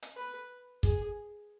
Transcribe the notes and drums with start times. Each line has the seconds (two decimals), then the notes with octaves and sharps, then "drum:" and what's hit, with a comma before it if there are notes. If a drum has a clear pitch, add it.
0.02 drum: hi-hat
0.16 B4
0.83 G#4, drum: kick